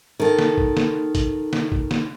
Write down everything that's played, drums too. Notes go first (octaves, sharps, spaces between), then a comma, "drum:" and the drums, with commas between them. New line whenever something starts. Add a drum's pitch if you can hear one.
D#3 A4
drum: snare
drum: kick
drum: snare
drum: kick, hi-hat
drum: snare
drum: kick
drum: snare